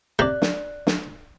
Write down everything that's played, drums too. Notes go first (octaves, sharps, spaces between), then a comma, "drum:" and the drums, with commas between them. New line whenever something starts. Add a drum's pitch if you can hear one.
C3 D5 F#6
drum: snare
drum: snare